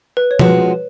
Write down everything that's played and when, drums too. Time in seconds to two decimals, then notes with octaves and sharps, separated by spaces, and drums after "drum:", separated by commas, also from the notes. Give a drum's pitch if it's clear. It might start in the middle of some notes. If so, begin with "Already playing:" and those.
0.17 B4
0.31 C#5
0.39 F3 G#3 C#4 F#4 B4, drum: tom B2